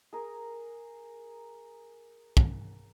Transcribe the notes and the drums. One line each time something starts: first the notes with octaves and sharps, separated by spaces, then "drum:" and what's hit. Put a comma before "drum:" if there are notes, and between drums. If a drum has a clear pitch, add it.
G#4 A#4
drum: kick